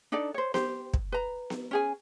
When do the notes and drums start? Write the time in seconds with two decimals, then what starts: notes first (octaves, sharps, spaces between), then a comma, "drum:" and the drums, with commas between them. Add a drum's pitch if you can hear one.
0.12 D4 D#4 A4 D5
0.34 C5 C#5
0.54 G4 C5, drum: snare B3
0.94 drum: kick
1.12 B4 A#5
1.50 drum: snare B3
1.71 C#4 G#4 G#5